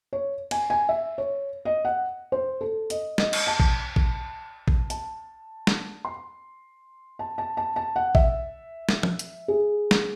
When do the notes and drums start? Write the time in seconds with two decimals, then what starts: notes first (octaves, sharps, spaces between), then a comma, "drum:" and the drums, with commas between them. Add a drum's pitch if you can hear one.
0.13 C#5
0.51 G#5, drum: cymbal
0.70 G#5
0.89 E5
1.18 C#5
1.65 D#5
1.85 F#5
2.32 C5
2.61 A4
2.90 D#5, drum: hi-hat
3.18 D#5, drum: snare
3.33 drum: cymbal
3.47 A5
3.60 drum: kick A1
3.96 drum: kick A1
4.68 drum: kick A1
4.90 A5, drum: hi-hat
5.67 drum: snare
6.05 C6
7.19 A5
7.38 A5
7.57 A5
7.76 A5
7.96 F#5
8.15 E5, drum: kick A1
8.89 drum: snare
9.03 drum: tom
9.19 drum: hi-hat
9.48 G#4
9.91 drum: snare